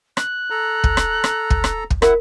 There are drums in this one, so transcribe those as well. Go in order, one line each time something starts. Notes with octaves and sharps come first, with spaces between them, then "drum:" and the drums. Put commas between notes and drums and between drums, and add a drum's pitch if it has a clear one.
F#6, drum: rim click
A4 A#5
drum: kick
drum: rim click
drum: rim click
drum: kick
drum: rim click
drum: kick
E4 A#4 E5 F#5, drum: rim click